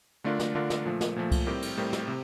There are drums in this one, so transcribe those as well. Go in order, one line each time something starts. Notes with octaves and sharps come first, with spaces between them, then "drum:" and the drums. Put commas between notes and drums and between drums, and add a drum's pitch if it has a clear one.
D3 A3 D4 F4 A#4
drum: snare
D3 A3 D4 F4 A#4
drum: snare
A#2 F3 A3
drum: snare
A#2 F3 A3
drum: kick C2, cymbal
A2 G3 C4 G4 A#4
drum: cymbal
A2 G3 C4 G4 A#4
drum: snare
C3